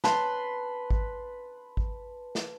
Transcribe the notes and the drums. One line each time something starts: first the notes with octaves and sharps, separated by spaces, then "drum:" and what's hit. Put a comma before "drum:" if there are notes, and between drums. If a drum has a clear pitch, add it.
B4 A5 C6, drum: snare
drum: kick G#1
drum: kick G#1
drum: snare